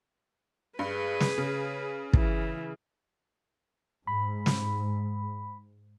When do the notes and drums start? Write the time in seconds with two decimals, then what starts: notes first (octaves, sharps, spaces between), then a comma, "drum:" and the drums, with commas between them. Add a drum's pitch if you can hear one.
0.79 G2 G#4 B4
1.20 drum: snare
1.38 C#3
2.13 E3, drum: kick
4.07 G#2 B5
4.46 drum: snare